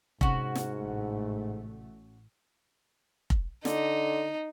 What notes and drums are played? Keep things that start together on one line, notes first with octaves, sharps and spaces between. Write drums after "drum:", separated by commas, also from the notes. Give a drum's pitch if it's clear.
G#2 C3 C#4 F#4, drum: kick F1
drum: snare
A1 A3
drum: kick F1
D3 D#4, drum: snare